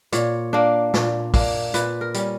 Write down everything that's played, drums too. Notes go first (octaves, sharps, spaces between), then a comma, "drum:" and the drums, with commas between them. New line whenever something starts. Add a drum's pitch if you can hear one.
A#2 C#5, drum: hi-hat
A#3 D4
A#2, drum: snare
A#3 D4, drum: kick, open hi-hat
A#2 B4, drum: hi-hat
A#4
G3 C#4, drum: hi-hat